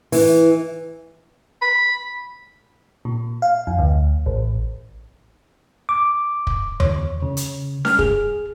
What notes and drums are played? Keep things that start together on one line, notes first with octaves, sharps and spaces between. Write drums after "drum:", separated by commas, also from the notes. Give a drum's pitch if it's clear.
E3, drum: open hi-hat
B5
A#2
F5
F2
D2
A1
D6
drum: kick
C#5, drum: tom E2
C#3
drum: hi-hat
F6, drum: snare C#4
G#4, drum: kick